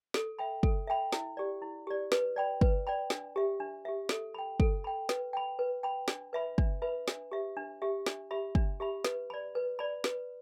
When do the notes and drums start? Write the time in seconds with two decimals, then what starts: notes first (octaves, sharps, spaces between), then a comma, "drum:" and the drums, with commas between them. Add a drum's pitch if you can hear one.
0.14 A4, drum: snare
0.39 E5 G5 B5
0.63 A4, drum: kick
0.88 E5 G5 B5
1.12 E4, drum: snare
1.37 G4 D5
1.62 E4
1.87 G4 D5
2.12 B4, drum: snare
2.36 D5 G5 B5
2.61 B4, drum: kick
2.87 D5 G5 B5
3.10 D4, drum: snare
3.36 G4 E5
3.60 D4
3.85 G4 E5
4.09 A4, drum: snare
4.34 G5 B5
4.60 A4, drum: kick
4.84 G5 B5
5.09 B4, drum: snare
5.33 G5 B5
5.59 B4
5.83 G5 B5
6.08 D4, drum: snare
6.33 B4 E5 B5
6.58 D4, drum: kick
6.82 B4 E5 B5
7.08 D4, drum: snare
7.32 G4 E5
7.57 D4
7.82 G4 E5
8.06 D4, drum: snare
8.31 G4 E5 B5
8.55 D4, drum: kick
8.80 G4 E5 B5
9.04 B4, drum: snare
9.30 D5 B5
9.55 B4
9.79 D5 B5
10.04 B4, drum: snare